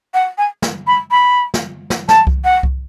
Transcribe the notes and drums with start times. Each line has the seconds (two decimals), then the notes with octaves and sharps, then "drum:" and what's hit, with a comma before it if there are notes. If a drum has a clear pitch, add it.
0.14 F#5
0.38 G#5
0.62 drum: snare
0.87 B5
1.11 B5
1.54 drum: snare
1.90 drum: snare
2.09 A5, drum: snare
2.27 drum: kick C2
2.44 F#5
2.63 drum: kick C2